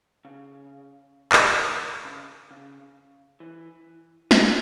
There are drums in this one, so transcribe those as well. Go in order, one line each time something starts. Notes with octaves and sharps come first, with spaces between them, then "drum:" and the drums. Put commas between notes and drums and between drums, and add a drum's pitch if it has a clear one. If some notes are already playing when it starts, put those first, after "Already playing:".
C#3
drum: clap
C#3
C#3
E3
B3, drum: snare